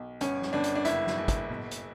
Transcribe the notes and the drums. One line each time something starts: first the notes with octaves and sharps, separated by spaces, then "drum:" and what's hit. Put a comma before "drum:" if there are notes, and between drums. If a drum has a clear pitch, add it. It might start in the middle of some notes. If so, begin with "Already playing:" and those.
Already playing: B1
G1 C#4, drum: hi-hat
drum: snare
G1 D4
drum: hi-hat
D4
F#1 E4, drum: hi-hat
drum: snare
F#1
drum: kick, hi-hat
B1, drum: tom
drum: hi-hat